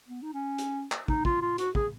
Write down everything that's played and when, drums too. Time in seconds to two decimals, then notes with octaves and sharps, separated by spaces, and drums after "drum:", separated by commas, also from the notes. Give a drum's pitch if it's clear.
0.08 B3
0.22 D#4
0.33 C#4
0.58 drum: hi-hat
0.92 drum: clap
1.08 D#4, drum: kick
1.25 F4, drum: kick
1.42 F4
1.58 F#4, drum: hi-hat
1.75 G#4, drum: kick